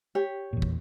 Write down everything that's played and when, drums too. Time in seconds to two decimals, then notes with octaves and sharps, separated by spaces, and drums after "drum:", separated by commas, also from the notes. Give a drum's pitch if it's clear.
0.15 G4 C#5
0.53 E2 A#2
0.62 drum: kick